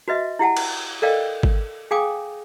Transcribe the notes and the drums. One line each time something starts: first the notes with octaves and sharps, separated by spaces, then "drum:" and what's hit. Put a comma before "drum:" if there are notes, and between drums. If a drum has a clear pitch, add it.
F#4 B4 D#5 E5
E4 G4 F#5 A5
drum: cymbal
A4 A#4 D5 D#5 F5 G5
drum: kick G#1
G#4 F5 G5 G#5 D6 D#6